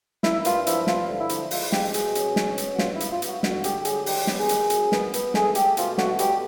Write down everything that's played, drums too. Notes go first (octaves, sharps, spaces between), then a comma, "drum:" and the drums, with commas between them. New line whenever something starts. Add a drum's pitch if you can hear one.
A#3 E4, drum: snare
G2 F4, drum: hi-hat
F3 E4, drum: hi-hat
G2 F4, drum: snare
D3
E4
F3, drum: hi-hat
G#3 F4, drum: open hi-hat
G#3 G4, drum: snare
B2 G#4, drum: hi-hat
C#4, drum: hi-hat
C#4, drum: snare
B2, drum: hi-hat
F#4
G2 F4, drum: snare
E4
G2, drum: hi-hat
F4
G2, drum: hi-hat
F#4
D3 F#4, drum: snare
D3 G4, drum: hi-hat
G4
F#3 G#4, drum: hi-hat
D#3 G4, drum: open hi-hat
B3, drum: snare
G#4
D#3, drum: hi-hat
F#2, drum: hi-hat
B3, drum: snare
B3, drum: hi-hat
A3 G#4, drum: snare
A3 G4, drum: hi-hat
B2 F4, drum: hi-hat
A3 F#4, drum: snare
B2 G4, drum: hi-hat